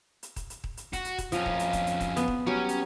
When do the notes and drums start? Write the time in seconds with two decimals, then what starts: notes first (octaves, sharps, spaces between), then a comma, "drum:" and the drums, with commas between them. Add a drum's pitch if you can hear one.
0.23 drum: hi-hat
0.36 drum: kick D#1, hi-hat
0.50 drum: hi-hat
0.64 drum: kick D#1
0.77 drum: hi-hat
0.93 F#4, drum: kick D#1, hi-hat
1.05 drum: hi-hat
1.18 drum: kick D#1, hi-hat
1.32 F2 F3 C#4 A#5, drum: hi-hat
1.46 drum: kick D#1
1.59 drum: hi-hat
1.73 drum: kick D#1, hi-hat
1.87 drum: hi-hat
2.00 drum: kick D#1, hi-hat
2.17 B3, drum: hi-hat
2.28 drum: kick D#1
2.47 F#3 G3 C#4 C#5
2.69 drum: hi-hat